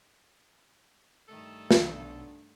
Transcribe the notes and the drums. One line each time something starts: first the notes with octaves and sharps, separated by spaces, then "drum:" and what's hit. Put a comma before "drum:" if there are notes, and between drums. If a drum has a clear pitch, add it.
G2 D#3 A3 A4
B1 D3, drum: snare